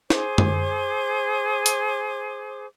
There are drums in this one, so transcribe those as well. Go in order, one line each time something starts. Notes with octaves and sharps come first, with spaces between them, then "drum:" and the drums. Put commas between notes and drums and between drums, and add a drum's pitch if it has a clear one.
G#4 C5 D6, drum: snare
drum: tom
drum: hi-hat